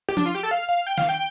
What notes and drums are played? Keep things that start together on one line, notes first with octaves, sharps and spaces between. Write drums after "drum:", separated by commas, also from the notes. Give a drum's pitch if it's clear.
G4
D4, drum: tom F3
F4
G4
A4
F5
F5
G5
F5, drum: snare
G5